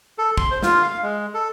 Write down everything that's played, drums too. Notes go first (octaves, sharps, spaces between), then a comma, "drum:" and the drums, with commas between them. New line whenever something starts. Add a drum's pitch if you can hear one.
A4
C6, drum: kick
C5
F4, drum: snare
F5
G#3
A4